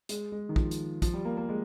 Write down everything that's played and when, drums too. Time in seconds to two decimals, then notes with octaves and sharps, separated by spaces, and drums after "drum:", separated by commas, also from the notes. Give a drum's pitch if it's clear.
0.09 G#3, drum: hi-hat
0.32 G#3
0.49 D#3
0.56 F3, drum: kick
0.71 drum: hi-hat
1.02 F3, drum: kick, hi-hat
1.14 G3
1.25 A#3
1.37 A#3
1.49 G#3